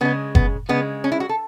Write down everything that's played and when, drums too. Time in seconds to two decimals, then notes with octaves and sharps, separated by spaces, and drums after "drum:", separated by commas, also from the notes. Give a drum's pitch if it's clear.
0.01 C#3 G#3 B3
0.35 B3, drum: kick F#1
0.69 C#3 G#3 B3
1.04 C#4
1.12 E4
1.20 F#4
1.29 A4